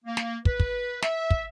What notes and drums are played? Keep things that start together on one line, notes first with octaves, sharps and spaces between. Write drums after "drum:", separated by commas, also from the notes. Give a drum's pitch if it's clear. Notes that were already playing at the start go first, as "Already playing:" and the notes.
A#3
drum: snare
B4, drum: kick
drum: kick
E5, drum: snare
drum: kick